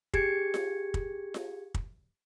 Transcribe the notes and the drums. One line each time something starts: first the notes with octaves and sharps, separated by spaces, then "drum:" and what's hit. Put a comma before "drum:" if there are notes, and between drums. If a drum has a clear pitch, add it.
G4 G#4 G#6 C#7, drum: kick
drum: snare F4
drum: kick
drum: snare F4
drum: kick